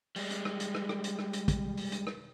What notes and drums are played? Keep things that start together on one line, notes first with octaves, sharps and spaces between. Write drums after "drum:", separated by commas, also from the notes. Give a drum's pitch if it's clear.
G3 G#3, drum: open hi-hat
drum: hi-hat
drum: rim click
drum: hi-hat
drum: rim click
drum: rim click
drum: hi-hat
drum: rim click
drum: hi-hat
drum: kick, hi-hat
drum: open hi-hat
drum: hi-hat
drum: rim click